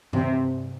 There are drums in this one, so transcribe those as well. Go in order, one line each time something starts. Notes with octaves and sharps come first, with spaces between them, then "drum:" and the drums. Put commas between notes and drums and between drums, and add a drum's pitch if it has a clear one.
C3, drum: tom G2